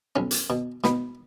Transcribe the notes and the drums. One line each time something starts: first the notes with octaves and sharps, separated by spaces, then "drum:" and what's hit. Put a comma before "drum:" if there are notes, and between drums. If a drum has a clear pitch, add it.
B1 C#4
drum: hi-hat
B2
B2 B3, drum: snare